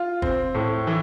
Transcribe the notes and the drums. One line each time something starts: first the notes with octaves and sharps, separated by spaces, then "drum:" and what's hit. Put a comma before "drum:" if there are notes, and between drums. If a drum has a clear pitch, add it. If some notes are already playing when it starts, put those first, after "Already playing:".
Already playing: F4
C4, drum: kick
A2
E3